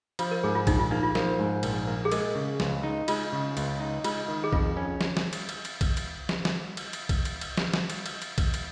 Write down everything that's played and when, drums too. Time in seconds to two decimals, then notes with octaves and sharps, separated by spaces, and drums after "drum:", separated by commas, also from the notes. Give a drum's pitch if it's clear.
0.19 F3 F4, drum: cymbal
0.31 A#4
0.44 G#2 G#4
0.55 F4
0.67 A#1 D#4, drum: kick A#1, cymbal
0.79 F4
0.91 A#3 D#4
1.03 F4
1.15 F3 A#4, drum: snare
1.39 G#2
1.63 A#1, drum: cymbal
1.87 A#3
2.05 G#4
2.12 G#3 A#4, drum: cymbal
2.35 C#3
2.60 C#2, drum: snare
2.83 D#4
3.08 G#3 F4, drum: cymbal
3.32 C#3
3.57 C#2, drum: cymbal
3.80 D#4
4.04 G#3 F4, drum: cymbal
4.28 D#3
4.44 G#4
4.53 F2 F4, drum: kick A#1
4.77 C#4
5.01 drum: snare
5.17 drum: snare
5.33 drum: cymbal
5.49 drum: cymbal
5.65 drum: cymbal
5.81 drum: kick A#1, cymbal
5.97 drum: cymbal
6.29 drum: snare
6.45 drum: snare
6.77 drum: cymbal
6.93 drum: cymbal
7.09 drum: kick A#1, cymbal
7.25 drum: cymbal
7.41 drum: cymbal
7.57 drum: snare
7.74 drum: snare
7.90 drum: cymbal
8.06 drum: cymbal
8.22 drum: cymbal
8.38 drum: kick A#1, cymbal
8.54 drum: cymbal